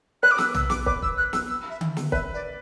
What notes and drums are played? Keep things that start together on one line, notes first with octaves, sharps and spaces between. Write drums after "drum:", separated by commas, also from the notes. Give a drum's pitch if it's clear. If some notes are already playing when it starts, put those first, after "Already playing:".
B4 F#6
D6
E6, drum: snare
E6, drum: tom
D6, drum: snare
B4 D6, drum: kick
E6, drum: kick
F#6
E6, drum: snare
E6
E5
drum: tom D3
drum: snare
B4 E5, drum: kick
D5